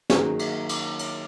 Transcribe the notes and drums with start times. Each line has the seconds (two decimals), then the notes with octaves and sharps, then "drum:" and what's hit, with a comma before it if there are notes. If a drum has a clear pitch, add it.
0.10 D#3 F#3 A#3 F#4 G#4, drum: snare
0.39 drum: cymbal
0.69 drum: cymbal
0.99 drum: cymbal